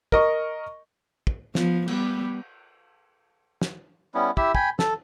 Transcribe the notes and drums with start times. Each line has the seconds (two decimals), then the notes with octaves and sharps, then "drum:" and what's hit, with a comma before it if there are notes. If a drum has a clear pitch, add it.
0.12 A#4 D#5 C#6, drum: kick
1.27 drum: kick
1.55 F3 B3, drum: snare
1.88 G3 B3, drum: cymbal
3.62 drum: snare
4.15 G3 B3 C#4 E4
4.37 E4 G4 E5 E6, drum: kick
4.55 G5 G#5 B5, drum: kick
4.79 A4, drum: snare